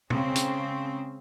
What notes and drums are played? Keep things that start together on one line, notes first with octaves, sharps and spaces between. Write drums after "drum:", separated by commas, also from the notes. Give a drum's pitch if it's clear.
C#3 G#3 C4, drum: tom
drum: hi-hat